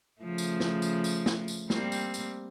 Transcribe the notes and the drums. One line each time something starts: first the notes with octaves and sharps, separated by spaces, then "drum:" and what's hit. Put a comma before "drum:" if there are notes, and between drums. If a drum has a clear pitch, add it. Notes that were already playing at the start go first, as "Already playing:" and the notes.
C#3 F3 A3
drum: tambourine
drum: snare
drum: tambourine
drum: tambourine
drum: snare
drum: tambourine
G3 A#3 C4, drum: snare
drum: tambourine
drum: tambourine